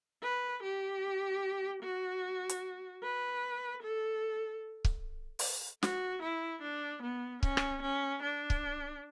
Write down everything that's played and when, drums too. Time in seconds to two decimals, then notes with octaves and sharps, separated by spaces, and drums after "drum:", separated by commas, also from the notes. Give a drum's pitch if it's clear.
0.23 B4
0.63 G4
1.82 F#4
2.49 drum: hi-hat
3.03 B4
3.83 A4
4.85 drum: kick C#1
5.39 drum: open hi-hat
5.83 F#4, drum: snare
6.22 E4
6.62 D4
7.03 B3
7.43 C#4, drum: kick C#1
7.57 drum: rim click
7.82 C#4
8.23 D4
8.50 drum: kick C#1